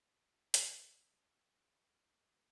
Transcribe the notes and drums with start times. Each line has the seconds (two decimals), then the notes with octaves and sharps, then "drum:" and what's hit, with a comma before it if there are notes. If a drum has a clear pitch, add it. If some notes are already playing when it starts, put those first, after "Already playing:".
0.09 F4
0.54 drum: hi-hat
0.73 A#4
0.93 D5
1.07 A4
1.23 G#2
1.78 C#2
2.14 D#5